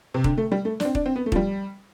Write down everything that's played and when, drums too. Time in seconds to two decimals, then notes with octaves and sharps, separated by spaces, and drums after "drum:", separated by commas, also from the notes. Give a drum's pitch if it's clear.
0.14 C3
0.24 D3, drum: kick D#1
0.38 A3
0.52 G3
0.65 A3
0.80 D4, drum: snare
0.85 C4
0.95 D4, drum: kick D#1
1.06 C4
1.16 B3
1.26 A3
1.32 F3, drum: kick D#1
1.36 G3